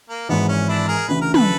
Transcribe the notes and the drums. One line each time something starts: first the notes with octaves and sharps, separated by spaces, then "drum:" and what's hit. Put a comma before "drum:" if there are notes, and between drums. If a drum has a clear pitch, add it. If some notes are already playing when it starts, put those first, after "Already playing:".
A#3
G#1 G#2 E3 B3
C#4
D4 E4
G#4 A#4
D2 C#3 E3 B4
A#4
A4 B4, drum: tom